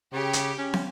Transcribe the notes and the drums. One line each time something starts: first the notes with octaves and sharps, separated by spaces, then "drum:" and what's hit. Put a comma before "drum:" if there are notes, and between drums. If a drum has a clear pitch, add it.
C#3 G4
drum: hi-hat
C#4
drum: snare